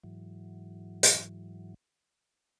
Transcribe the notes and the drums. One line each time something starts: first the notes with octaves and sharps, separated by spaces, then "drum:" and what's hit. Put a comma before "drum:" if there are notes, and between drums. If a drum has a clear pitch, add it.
G#2 E3 F#3
drum: hi-hat